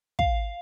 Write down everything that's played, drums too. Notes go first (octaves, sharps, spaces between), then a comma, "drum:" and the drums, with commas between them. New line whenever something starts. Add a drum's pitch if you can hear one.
F5, drum: kick